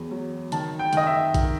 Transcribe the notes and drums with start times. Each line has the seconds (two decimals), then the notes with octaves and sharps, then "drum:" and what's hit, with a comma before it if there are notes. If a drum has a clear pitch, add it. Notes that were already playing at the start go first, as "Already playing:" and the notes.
Already playing: E2 F#3
0.11 F#3
0.52 D#3 A5, drum: hi-hat
0.79 G5
0.93 D#3 D#5, drum: hi-hat
1.07 E5
1.34 D#3, drum: kick A1, hi-hat